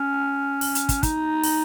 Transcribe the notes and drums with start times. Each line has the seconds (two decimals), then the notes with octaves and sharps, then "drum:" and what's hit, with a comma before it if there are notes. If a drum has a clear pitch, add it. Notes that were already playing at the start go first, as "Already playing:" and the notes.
Already playing: C#4
0.61 drum: open hi-hat
0.75 drum: hi-hat
0.89 drum: kick, hi-hat
1.03 D#4, drum: kick, hi-hat
1.44 drum: open hi-hat